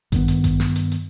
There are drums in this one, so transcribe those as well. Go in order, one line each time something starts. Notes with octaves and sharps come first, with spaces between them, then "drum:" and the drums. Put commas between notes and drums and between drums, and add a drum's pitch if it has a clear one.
G2 D#3 B3, drum: kick A1, hi-hat
drum: hi-hat
drum: kick A1, hi-hat
drum: snare
drum: hi-hat
drum: hi-hat